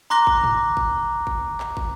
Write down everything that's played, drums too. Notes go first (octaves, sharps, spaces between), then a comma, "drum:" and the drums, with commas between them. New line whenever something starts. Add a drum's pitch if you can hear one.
A#5 C6 D6 F#6 A#6
drum: kick
drum: tom
drum: kick
drum: kick
drum: clap
drum: kick